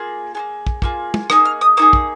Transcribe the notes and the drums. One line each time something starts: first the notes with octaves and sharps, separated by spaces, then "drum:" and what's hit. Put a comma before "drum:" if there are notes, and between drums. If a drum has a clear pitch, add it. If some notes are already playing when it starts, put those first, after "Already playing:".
Already playing: A#3 F4 G#4
A#3 F4 G#4
drum: kick
A#3 F4 G#4, drum: kick
drum: tom
A#3 D#4 G#4 D#6, drum: rim click
F6
D#6
A#3 D#4 G#4 D#6
drum: kick